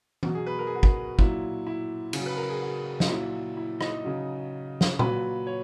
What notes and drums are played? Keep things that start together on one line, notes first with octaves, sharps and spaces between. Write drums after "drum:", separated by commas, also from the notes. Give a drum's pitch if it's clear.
B2 F#3, drum: tom E3
G#4
B4
A#4
G#4
F#4
G#4, drum: kick
A#2 F#3 E4, drum: kick
E4
C#3, drum: cymbal
F#3
B4
A#4
G#4
F#4
D#4, drum: snare
A#2 F#3 E4
E4
D#4, drum: rim click
C#3 F#3
drum: snare
A#2 F#3 B4, drum: tom A#2
C#5